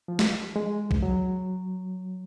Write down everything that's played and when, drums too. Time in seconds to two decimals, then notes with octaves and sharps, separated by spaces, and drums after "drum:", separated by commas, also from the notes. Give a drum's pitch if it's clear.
0.08 F3
0.19 drum: snare
0.56 G#3
0.91 drum: kick B1
1.03 F#3